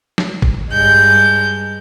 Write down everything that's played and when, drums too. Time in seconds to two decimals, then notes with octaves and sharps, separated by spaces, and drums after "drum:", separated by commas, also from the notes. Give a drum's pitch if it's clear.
0.18 drum: snare
0.42 drum: kick G#1
0.71 G2 G#3 G6